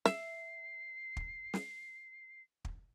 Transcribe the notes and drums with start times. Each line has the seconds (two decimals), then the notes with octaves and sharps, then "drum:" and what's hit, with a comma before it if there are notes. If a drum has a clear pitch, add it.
0.05 E5 C7, drum: snare
1.17 drum: kick
1.54 drum: snare
2.65 drum: kick